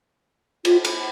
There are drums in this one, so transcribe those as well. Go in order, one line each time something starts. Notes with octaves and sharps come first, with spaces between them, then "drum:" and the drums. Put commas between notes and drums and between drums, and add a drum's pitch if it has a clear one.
F4, drum: cymbal
drum: cymbal